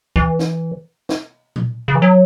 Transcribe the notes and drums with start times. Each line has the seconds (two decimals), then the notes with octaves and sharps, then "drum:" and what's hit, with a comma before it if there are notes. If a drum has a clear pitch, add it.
0.16 E3, drum: kick
0.39 drum: snare
1.09 drum: snare
1.56 drum: tom A#2
1.88 C#3
1.95 E3
2.02 F#3